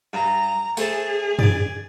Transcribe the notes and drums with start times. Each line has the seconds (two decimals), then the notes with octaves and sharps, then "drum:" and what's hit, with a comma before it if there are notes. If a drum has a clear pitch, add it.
0.13 G2 A#5
0.77 A3 G#4 C5 A5, drum: tambourine
1.39 D5 G#5, drum: tom F#2